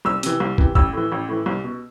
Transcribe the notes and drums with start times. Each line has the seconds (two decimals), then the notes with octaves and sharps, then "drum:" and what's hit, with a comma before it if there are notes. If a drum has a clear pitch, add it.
0.05 C2 E6
0.23 C3 E3, drum: hi-hat
0.40 C2
0.58 C3 E3, drum: kick
0.75 A1 E6, drum: kick
0.93 A2 E3
1.12 A1
1.29 A2 E3
1.46 C2
1.64 B2